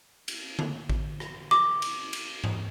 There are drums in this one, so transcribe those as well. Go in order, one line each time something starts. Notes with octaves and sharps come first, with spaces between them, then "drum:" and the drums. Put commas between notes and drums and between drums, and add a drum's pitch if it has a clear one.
drum: cymbal
drum: tom D3
drum: kick A1
drum: rim click
D6, drum: rim click
drum: cymbal
drum: cymbal
drum: tom G#2